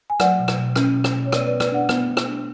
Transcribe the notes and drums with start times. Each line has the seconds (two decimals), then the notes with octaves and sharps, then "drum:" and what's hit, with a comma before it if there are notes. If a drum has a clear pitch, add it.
0.10 G#5
0.20 F#3 D5 F#5, drum: rim click
0.39 B2
0.48 drum: rim click
0.58 B2
0.76 C#4, drum: rim click
0.94 B2
1.04 drum: rim click
1.14 B2
1.26 C#5
1.32 B3 B4 D5, drum: rim click
1.47 B3 B4 D5
1.60 B4 D5, drum: rim click
1.71 D4 D5 F#5
1.89 B3, drum: rim click
2.07 B3
2.17 drum: rim click
2.26 D4